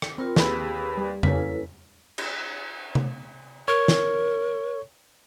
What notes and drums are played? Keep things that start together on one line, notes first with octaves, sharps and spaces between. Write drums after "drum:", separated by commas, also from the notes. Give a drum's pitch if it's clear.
drum: rim click
C4 F4 A#4 B5
D#2 G4 G#4 B4 B5 E6, drum: snare
G3
A#3 C#4 E4 A4 B4 B6, drum: tom
drum: cymbal
drum: tom C3
A#4 C#5
drum: snare